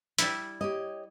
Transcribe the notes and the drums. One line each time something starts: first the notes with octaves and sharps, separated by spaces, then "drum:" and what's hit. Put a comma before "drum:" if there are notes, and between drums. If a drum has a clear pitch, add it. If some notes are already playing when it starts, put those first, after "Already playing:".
G3 E4, drum: hi-hat
G4 C#5 D#5